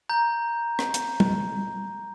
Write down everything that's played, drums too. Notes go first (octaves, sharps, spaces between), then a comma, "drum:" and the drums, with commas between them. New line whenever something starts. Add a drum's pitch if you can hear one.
A#5 G6
drum: rim click
drum: hi-hat
drum: tom G3